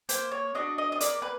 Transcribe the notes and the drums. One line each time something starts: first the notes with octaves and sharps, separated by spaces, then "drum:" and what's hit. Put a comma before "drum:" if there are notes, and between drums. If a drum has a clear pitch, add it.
A#3 C5, drum: hi-hat
C#5
D4 F#4 D#5
D#5
D#5
A#3 D5, drum: hi-hat
B4